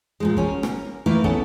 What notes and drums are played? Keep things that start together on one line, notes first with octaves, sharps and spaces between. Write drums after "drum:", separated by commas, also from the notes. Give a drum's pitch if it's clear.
A#2 F3 G#3
C#4 F#4 A#4, drum: kick
A#4, drum: rim click
A3 A#3 E4 A#4 B4 F5
B3 C#4 A4 F#5 A5, drum: kick